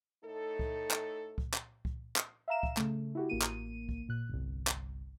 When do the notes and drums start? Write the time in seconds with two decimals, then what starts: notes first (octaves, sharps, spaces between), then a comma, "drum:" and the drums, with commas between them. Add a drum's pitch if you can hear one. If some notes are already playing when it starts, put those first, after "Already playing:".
0.24 A2 A3 D#4 A4
0.59 drum: kick C2
0.91 drum: clap
1.38 drum: kick C2
1.54 drum: clap
1.85 drum: kick C2
2.16 drum: clap
2.48 E5 F5 A#5 E7
2.63 drum: kick C2
2.77 C#3 A3, drum: clap
3.15 E4 F#4 G4
3.29 A1 A#3 D#7
3.42 drum: clap
3.89 drum: kick C2
4.09 A#2 F#6
4.29 G1 C2
4.67 drum: clap